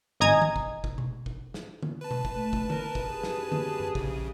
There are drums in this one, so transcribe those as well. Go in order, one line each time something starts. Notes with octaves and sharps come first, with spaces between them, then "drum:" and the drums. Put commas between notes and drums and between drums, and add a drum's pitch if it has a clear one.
G#1 D#5 G#5 A#5 D#6 G#6
drum: tom
drum: kick
drum: kick
drum: tom B2
drum: kick
drum: snare
drum: tom D3
B4 A5
drum: tom B2
drum: kick
A3
drum: kick
A#4, drum: tom D3
drum: kick
F#2 G4 G#4
drum: snare
drum: tom D3
drum: tom F#2
A#1 C#3, drum: kick